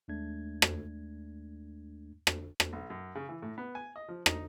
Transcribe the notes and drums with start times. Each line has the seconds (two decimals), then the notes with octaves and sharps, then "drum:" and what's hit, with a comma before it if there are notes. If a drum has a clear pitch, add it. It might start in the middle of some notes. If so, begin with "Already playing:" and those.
0.08 D#2 G#3 A3 D4 G#6
0.62 drum: rim click
2.27 drum: rim click
2.60 drum: rim click
2.73 B1
2.90 F#2
3.15 C#3
3.29 E3
3.42 A2
3.58 B3
3.75 G#5
3.96 D#5
4.09 F3
4.26 D#4, drum: rim click